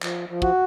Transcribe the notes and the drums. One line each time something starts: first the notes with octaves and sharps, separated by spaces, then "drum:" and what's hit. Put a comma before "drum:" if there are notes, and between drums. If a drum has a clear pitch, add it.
F3, drum: clap
F3
F#4, drum: kick